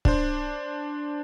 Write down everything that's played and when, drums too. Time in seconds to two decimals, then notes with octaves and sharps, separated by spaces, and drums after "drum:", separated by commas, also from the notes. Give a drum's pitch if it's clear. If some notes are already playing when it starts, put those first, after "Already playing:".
0.05 D4 C5, drum: kick